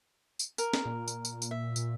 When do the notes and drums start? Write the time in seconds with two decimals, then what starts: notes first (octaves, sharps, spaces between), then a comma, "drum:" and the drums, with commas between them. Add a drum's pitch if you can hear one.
0.39 drum: tambourine
0.58 A#4, drum: tambourine
0.73 drum: snare
0.85 A#2
1.08 drum: tambourine
1.25 drum: tambourine
1.42 drum: tambourine
1.51 E5
1.76 A#2, drum: tambourine